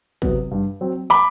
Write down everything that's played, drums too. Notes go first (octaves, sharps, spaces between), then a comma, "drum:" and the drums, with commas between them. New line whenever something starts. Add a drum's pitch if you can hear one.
C3 F#3 B3, drum: kick
G2
F#3 C4
B5 D6